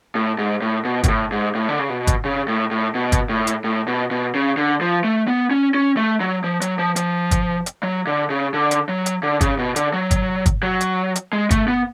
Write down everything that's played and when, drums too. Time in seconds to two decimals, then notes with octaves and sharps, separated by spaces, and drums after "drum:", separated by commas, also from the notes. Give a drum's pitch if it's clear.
0.15 A2
0.39 G#2
0.62 A2
0.85 B2
1.04 B2, drum: kick, hi-hat
1.08 A2
1.32 G#2
1.55 A2
1.69 D3
1.79 C#3
1.90 B2
2.07 drum: kick, hi-hat
2.25 C#3
2.48 A2
2.71 A2
2.95 B2
3.12 drum: kick, hi-hat
3.29 A2
3.47 drum: hi-hat
3.64 A2
3.88 B2
4.11 B2
4.35 C#3
4.57 D3
4.81 F3
5.04 A3
5.28 B3
5.51 C#4
5.74 C#4
5.97 A3
6.20 F#3
6.44 F3
6.61 F#3, drum: hi-hat
6.79 F3
6.96 F3, drum: hi-hat
7.31 drum: kick, hi-hat
7.66 drum: hi-hat
7.83 F#3
8.07 D3
8.30 C#3
8.54 D3
8.71 drum: hi-hat
8.89 F#3
9.06 drum: hi-hat
9.23 D3
9.41 C#3, drum: kick, hi-hat
9.58 B2
9.76 D3, drum: hi-hat
9.93 F#3
10.11 drum: kick, hi-hat
10.46 drum: kick, hi-hat
10.63 F#3
10.81 drum: hi-hat
11.15 drum: hi-hat
11.33 G#3
11.51 A3, drum: kick, hi-hat
11.68 B3